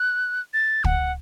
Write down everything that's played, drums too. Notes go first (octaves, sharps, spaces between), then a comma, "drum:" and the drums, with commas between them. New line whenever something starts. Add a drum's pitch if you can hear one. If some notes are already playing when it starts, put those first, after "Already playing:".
Already playing: F#6
A6
F#5, drum: kick